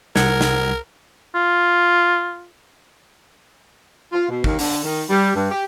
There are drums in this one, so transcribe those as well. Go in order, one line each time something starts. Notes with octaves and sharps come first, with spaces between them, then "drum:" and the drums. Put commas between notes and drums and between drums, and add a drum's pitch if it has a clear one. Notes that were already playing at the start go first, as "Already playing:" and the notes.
C2 A#4 F#5 G#6, drum: snare
drum: snare
F4
F4
B2
D#2, drum: kick
D3, drum: open hi-hat
D#3
G3
G2
G4